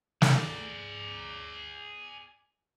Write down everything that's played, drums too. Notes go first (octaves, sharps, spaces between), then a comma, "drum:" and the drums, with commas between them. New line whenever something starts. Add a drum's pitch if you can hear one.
G#4 D5, drum: snare